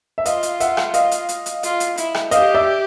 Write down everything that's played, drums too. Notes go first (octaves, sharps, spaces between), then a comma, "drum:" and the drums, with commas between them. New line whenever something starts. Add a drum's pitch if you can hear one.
E5
F4 D#5 F5, drum: hi-hat
drum: hi-hat
E5 F#5, drum: hi-hat
drum: rim click
D#5 F5, drum: hi-hat
drum: hi-hat
drum: hi-hat
drum: hi-hat
F4, drum: hi-hat
drum: hi-hat
E4, drum: hi-hat
drum: rim click
G4 D#5 F5, drum: hi-hat
D5 E5